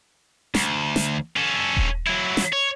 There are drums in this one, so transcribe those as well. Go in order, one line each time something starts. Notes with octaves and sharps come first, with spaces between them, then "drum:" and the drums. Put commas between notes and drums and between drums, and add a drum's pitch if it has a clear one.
D2, drum: snare
drum: snare
C#4 A4
drum: kick D#1
F#3 E4
drum: snare
C#5